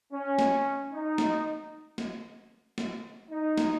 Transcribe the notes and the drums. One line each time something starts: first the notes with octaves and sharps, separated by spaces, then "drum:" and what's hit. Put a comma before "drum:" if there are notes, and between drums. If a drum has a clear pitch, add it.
C#4
drum: snare
D#4
drum: snare
drum: snare
drum: snare
D#4
drum: snare